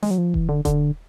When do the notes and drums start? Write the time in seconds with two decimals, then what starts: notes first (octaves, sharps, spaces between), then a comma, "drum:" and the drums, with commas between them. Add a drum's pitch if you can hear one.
0.03 G#3, drum: snare
0.11 F#3
0.18 F3
0.34 E3, drum: kick D#1
0.49 D3
0.65 D3, drum: kick D#1, hi-hat